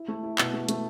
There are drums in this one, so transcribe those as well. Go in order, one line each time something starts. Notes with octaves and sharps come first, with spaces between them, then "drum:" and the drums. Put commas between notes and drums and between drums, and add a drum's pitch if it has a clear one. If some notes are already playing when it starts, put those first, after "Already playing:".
Already playing: E4
A3
E4
B2, drum: clap
A3
A3, drum: hi-hat